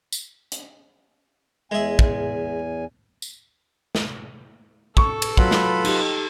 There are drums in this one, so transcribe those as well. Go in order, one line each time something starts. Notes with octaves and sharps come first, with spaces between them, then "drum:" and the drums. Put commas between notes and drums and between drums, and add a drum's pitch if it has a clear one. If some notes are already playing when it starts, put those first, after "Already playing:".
drum: tambourine
drum: hi-hat
E2 G#3 E5 G#5
drum: kick
drum: tambourine
drum: snare
A4 C#6, drum: kick
drum: cymbal
F#3 F4 B4 B5, drum: kick
drum: snare
D#4 G4, drum: cymbal